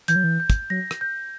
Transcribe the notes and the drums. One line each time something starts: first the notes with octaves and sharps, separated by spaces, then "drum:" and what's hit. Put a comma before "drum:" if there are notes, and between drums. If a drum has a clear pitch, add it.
E3 G6, drum: hi-hat
F#3
E3
G6
drum: kick, hi-hat
F#3 A#6
drum: rim click
G6